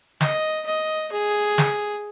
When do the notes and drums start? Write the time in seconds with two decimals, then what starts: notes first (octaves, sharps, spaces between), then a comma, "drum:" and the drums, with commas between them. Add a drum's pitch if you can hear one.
0.21 D#5, drum: snare
0.66 D#5
1.11 G#4
1.58 drum: snare